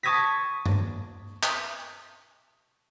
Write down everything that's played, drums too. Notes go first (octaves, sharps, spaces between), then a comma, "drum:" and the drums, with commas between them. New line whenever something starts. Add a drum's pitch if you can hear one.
A5 C#6 D#6 G#6 A#6 B6
drum: tom G2
drum: clap